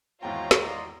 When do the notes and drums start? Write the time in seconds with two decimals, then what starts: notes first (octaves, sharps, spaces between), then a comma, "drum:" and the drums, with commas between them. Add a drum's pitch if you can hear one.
0.23 G#1 E2 F4 F#4 C5 C#5 G5 A#5
0.51 drum: snare
0.64 D5 D#5 C6